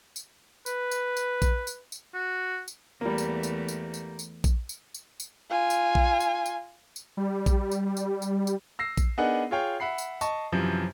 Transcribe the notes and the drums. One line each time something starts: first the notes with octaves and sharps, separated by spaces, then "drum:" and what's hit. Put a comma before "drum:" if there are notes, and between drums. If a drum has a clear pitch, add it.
drum: tambourine
B4, drum: tambourine
drum: tambourine
drum: tambourine
drum: kick A#1, tambourine
drum: tambourine
drum: tambourine
F#4
drum: tambourine
E2 G3 A3 A#3
drum: tambourine
drum: tambourine
drum: tambourine
drum: tambourine
drum: tambourine
drum: kick A#1, tambourine
drum: tambourine
drum: tambourine
drum: tambourine
F4 G#5
drum: tambourine
drum: kick A#1
drum: tambourine
drum: tambourine
drum: tambourine
G3
drum: kick A#1, tambourine
drum: tambourine
drum: tambourine
drum: tambourine
drum: tambourine
E6 A#6 C7
drum: kick A#1, tambourine
B3 D4 D#4 G#4 A#4 F#5
F4 G#4 C#5 F5 G5
E5 F#5 B5 C7
drum: tambourine
D#5 A5 C#6, drum: tambourine
F#2 C3 E3 F3